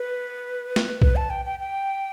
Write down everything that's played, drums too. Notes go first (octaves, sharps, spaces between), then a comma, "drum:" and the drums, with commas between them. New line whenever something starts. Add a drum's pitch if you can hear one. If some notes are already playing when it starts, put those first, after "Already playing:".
Already playing: B4
drum: snare
B4, drum: kick B1
A5
G5
G5
G5